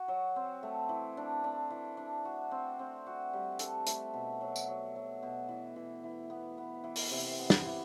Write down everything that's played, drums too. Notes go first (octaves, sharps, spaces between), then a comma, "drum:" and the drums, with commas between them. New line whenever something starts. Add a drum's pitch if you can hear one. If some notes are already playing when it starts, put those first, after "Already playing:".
Already playing: F#4
F#3
C4
A3
E3
D4
D4
E3
D4
F#4
C4
C4
F#4
G3
A4, drum: hi-hat
A3, drum: hi-hat
B2
F#3
drum: tambourine
F#3
F#3
B2
E3
E3
E3
B3
B3
E3
drum: open hi-hat
C3
B3
drum: snare
E3